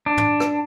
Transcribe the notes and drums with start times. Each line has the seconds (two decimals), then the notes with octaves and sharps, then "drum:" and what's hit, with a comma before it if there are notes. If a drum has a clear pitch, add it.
0.06 D4
0.17 drum: tom
0.40 drum: rim click